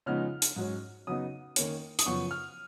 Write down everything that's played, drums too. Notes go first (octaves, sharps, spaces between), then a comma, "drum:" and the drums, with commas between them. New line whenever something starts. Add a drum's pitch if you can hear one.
C#3 F3 G#3 B3 D#4 F6
drum: hi-hat
G#2 F#3 C#4
C#3 F#3 B3 D#4 D#6
D#3 A#3 C#4, drum: hi-hat
D#6, drum: hi-hat
F#2 C#3 F3 B3 C#6
F6